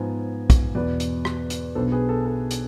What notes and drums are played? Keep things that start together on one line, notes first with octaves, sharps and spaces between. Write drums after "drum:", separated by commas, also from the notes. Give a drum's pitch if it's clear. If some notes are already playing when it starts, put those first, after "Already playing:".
Already playing: G#2 F3 B3 G#5
drum: kick, hi-hat
E2 B2 B3 B4 D5
drum: hi-hat
drum: rim click
drum: hi-hat
B1 B2 B3 D4 A4 C5
G#4 B4
A4
A4
drum: hi-hat